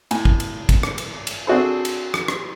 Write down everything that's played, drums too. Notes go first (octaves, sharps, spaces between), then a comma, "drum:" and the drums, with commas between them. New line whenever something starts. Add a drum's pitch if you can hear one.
A2 G#5, drum: cymbal
drum: kick G#1
drum: cymbal
drum: kick G#1, cymbal
drum: rim click
drum: cymbal
drum: cymbal
C4 D4 F#4 G#4 A4 C5
drum: cymbal
drum: rim click
drum: rim click